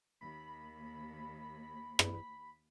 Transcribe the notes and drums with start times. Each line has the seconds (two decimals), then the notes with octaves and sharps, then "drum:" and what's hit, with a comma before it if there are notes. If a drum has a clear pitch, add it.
0.21 D#2 B5
1.99 drum: rim click